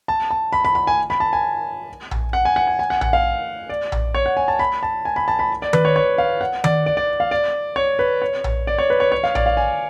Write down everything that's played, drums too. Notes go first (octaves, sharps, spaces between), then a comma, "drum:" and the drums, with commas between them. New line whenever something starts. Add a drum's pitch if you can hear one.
A5
A5
B5
B5
B5
G#5
B5
A5
G#5
drum: tom A#1
F#5
G#5
F#5
G#5
G#5
F#5
F#5, drum: tom A#1
F5
D5
drum: tom A#1
C#5
F#5
G#5
A5
B5
A5
G#5
B5
A5
B5
D5
B4, drum: tom D#3
C#5
C#5
F5
F#5
D5, drum: tom D#3
D5
D5
F5
D5
C#5
B4
C#5
drum: tom A#1
D5
C#5
B4
C#5
C#5
F5
D5, drum: tom A#1
F5
G#5